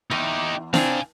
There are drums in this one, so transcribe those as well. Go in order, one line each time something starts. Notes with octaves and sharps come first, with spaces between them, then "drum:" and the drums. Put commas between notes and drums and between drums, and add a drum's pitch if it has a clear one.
E2 D#4 G4
C4 D4 F5 G#5, drum: snare